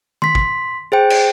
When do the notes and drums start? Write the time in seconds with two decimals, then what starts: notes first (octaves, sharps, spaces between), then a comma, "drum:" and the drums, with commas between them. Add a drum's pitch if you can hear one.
0.22 C6 B6, drum: tom
0.35 drum: kick
0.92 G#4 C5 G5
1.10 drum: cymbal